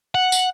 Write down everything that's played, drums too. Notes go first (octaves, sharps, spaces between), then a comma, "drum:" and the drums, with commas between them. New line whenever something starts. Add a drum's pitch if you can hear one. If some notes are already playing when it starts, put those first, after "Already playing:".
F#5
drum: tambourine